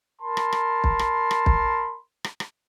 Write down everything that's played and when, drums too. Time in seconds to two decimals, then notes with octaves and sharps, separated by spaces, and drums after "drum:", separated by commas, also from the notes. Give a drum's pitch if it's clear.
0.21 A#4 A5 B5 C6
0.37 drum: rim click
0.52 drum: rim click
0.84 drum: kick
0.99 drum: rim click
1.31 drum: rim click
1.46 drum: kick
2.24 drum: rim click
2.40 drum: rim click